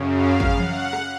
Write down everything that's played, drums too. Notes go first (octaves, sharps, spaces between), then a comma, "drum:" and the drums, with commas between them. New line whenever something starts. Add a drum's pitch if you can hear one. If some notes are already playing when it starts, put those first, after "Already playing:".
Already playing: F#2 C#3
F5
drum: kick
F#5, drum: tom E3
drum: rim click